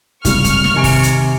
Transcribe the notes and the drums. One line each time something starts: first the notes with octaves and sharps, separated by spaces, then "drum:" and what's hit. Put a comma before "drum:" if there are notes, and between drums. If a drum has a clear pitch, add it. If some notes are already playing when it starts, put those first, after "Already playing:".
C#2 C3 G3 C#6 F6, drum: kick, hi-hat
drum: kick, hi-hat
drum: snare
C3 D#3 G#5 D7
drum: kick, open hi-hat
drum: hi-hat